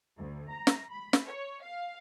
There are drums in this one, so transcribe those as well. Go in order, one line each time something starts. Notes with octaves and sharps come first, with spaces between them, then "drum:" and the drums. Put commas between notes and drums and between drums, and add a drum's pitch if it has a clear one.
D2
A#5
drum: snare
B5
drum: snare
C#5
F5